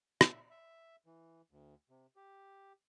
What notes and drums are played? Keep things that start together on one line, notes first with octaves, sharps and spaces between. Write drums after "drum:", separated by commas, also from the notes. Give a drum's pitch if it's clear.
E5, drum: rim click
E5
E3
D2
C3
G4